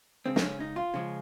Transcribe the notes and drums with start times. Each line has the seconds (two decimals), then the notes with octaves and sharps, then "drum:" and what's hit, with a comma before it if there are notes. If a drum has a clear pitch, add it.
0.26 C#3 G#3 C4
0.36 D#4, drum: snare
0.42 C#4
0.60 D#4
0.76 F4
0.94 C#3 F3 G#3